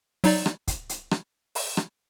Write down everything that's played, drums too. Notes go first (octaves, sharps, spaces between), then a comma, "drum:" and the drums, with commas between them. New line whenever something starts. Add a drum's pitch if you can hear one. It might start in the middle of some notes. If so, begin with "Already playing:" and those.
F#3 D#4 D5, drum: open hi-hat
drum: rim click
drum: kick, hi-hat
drum: hi-hat
drum: rim click
drum: open hi-hat
drum: rim click